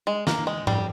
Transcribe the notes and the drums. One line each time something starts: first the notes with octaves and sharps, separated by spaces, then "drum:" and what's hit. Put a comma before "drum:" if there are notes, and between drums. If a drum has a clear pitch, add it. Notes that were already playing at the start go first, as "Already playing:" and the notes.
G#3
A#3, drum: snare
G#3
G3, drum: tom G#2